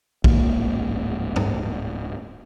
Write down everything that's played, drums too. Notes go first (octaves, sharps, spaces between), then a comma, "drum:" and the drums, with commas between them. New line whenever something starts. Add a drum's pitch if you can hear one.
D1 A#1 G#2 A#3, drum: kick A#1
drum: tom